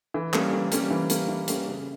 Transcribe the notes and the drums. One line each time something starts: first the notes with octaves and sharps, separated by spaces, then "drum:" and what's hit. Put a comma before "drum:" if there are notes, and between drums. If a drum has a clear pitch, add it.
E3
G3 A#3 C#4, drum: clap
E3
G3 A#3 C#4, drum: hi-hat
E3
G3 A#3 C#4, drum: hi-hat
E3
G3 A#3 C#4, drum: hi-hat
C#3